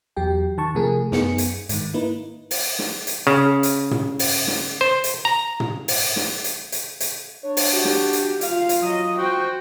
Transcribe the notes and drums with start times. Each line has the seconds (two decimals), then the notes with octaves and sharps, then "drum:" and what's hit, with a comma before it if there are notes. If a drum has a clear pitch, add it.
0.17 E2 F#3 G4 G5
0.58 D#3 A5 C#6
0.75 C3 F3 A3 G#4 A#4
1.12 F#2 B3 D#4 G#4 C#7, drum: snare
1.38 drum: hi-hat
1.69 G#2 D#3, drum: hi-hat
1.94 A#3 D#4 E4 B4
2.51 drum: open hi-hat
2.79 drum: snare
3.07 drum: hi-hat
3.27 C#3
3.63 drum: hi-hat
3.91 drum: tom
4.19 drum: open hi-hat
4.47 drum: snare
4.81 C5
5.04 drum: hi-hat
5.25 A#5
5.60 drum: tom
5.88 drum: open hi-hat
6.16 drum: snare
6.44 drum: hi-hat
6.72 drum: hi-hat
7.00 drum: hi-hat
7.44 D4 C#5
7.57 drum: open hi-hat
7.73 F#4 G4
7.85 drum: snare
8.13 drum: hi-hat
8.41 F4 F5, drum: hi-hat
8.69 drum: hi-hat
8.82 F#3 D#5 D#6
9.17 F#4 C5 G5